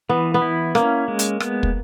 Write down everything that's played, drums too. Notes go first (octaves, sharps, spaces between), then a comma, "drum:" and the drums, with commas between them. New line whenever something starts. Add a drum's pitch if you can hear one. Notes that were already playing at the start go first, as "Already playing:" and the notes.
E3 B3
B3
E4
A#3 C#4, drum: rim click
G#3
drum: hi-hat
B3, drum: rim click
drum: kick